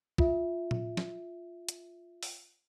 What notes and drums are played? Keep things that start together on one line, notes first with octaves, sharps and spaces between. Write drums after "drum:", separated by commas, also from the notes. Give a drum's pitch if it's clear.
F4 E5, drum: kick
drum: tom A#2
drum: snare
drum: hi-hat
drum: open hi-hat